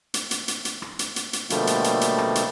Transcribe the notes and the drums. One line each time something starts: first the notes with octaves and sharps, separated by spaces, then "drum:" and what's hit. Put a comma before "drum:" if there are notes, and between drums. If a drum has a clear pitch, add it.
drum: hi-hat
drum: hi-hat
drum: hi-hat
drum: hi-hat
drum: rim click
drum: hi-hat
drum: hi-hat
drum: hi-hat
B2 D3 F3 G3 A3 A#3, drum: hi-hat
drum: hi-hat
drum: hi-hat
drum: hi-hat
drum: rim click
drum: hi-hat